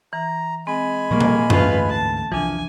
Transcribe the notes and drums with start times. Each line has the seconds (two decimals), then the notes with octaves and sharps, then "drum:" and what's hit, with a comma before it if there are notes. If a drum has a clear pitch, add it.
0.13 E3 A#5
0.67 G#3 C4 G#5 B5
1.11 A#2 F3 G3 A#3 C#6
1.20 drum: tom A#2
1.50 D2 G#2 E3 A3 C#4 F4 B4, drum: tom F#2
1.89 A5
2.32 C2 E3 F3 D4 G#5